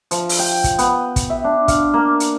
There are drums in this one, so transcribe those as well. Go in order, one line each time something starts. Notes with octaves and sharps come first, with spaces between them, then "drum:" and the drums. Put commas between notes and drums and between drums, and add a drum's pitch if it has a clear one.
F3, drum: hi-hat
drum: open hi-hat
G5
drum: kick, hi-hat
B3, drum: hi-hat
drum: kick, hi-hat
E5
D4
F5, drum: kick, hi-hat
A#3
drum: hi-hat